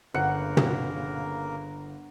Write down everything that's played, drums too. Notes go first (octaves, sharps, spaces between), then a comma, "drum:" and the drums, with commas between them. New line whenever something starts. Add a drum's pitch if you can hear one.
G1 C#3 A#3 A#4 F#5 C#7
drum: tom